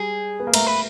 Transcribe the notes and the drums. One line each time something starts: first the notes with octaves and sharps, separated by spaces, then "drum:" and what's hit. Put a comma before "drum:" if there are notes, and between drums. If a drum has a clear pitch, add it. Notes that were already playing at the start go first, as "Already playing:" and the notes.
Already playing: G3 G#4
B3
A#3
A3 A#4, drum: cymbal
B4